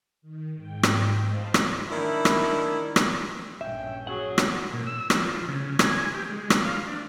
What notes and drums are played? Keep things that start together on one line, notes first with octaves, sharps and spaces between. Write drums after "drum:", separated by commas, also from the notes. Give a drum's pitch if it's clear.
D#3
G#2 G5
drum: rim click
C5 D#5 F5 A5 B5
drum: rim click
D#3 D4 E4
drum: rim click
drum: rim click
A#1 G2 C#4 E5 G5
F#3 G#4 F#5
drum: rim click
A#2
E6
F3, drum: rim click
C#3
G#5, drum: rim click
G4
G#3
drum: rim click
F5
D4